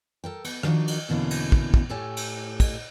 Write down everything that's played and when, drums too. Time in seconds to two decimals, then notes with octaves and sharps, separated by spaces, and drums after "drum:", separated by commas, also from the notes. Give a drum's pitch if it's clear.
0.24 A4 A#4 G5
0.44 B3, drum: cymbal
0.63 D#3 F3 D4 F#4 A#4, drum: rim click
0.88 drum: cymbal
1.09 E2 B2 D3 A#3 C#4 E4
1.31 drum: cymbal
1.52 drum: kick
1.74 drum: kick
1.90 A2 G4 A4 C#5 G#5
2.17 drum: cymbal
2.60 drum: kick, cymbal